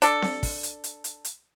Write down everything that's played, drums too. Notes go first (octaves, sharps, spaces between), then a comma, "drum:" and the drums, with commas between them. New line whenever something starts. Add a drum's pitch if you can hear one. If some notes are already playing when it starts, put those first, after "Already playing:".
D4 A4, drum: hi-hat
drum: snare C4
drum: kick, open hi-hat
drum: hi-hat
drum: hi-hat
drum: hi-hat
drum: hi-hat